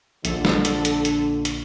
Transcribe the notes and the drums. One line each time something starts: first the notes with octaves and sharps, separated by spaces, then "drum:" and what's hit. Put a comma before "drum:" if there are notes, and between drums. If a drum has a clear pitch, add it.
A#1 D3 F3 A4, drum: hi-hat
drum: snare
drum: hi-hat
drum: hi-hat
drum: hi-hat
drum: hi-hat